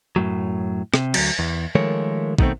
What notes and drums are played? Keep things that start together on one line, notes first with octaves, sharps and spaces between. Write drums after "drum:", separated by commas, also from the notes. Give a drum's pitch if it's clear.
F#2 A2 F#3
C3, drum: rim click
D2 F#3, drum: cymbal
E2
D#3 F3 G#3 A3 A#4 C#5
B2 D#3 G#3 A3 C4, drum: kick